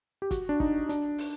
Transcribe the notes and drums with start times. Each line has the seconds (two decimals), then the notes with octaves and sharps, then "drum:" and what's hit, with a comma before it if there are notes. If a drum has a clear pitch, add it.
0.22 G4
0.31 F#4, drum: kick, hi-hat
0.49 D4
0.60 D#4, drum: kick
0.89 D4, drum: hi-hat
1.18 drum: open hi-hat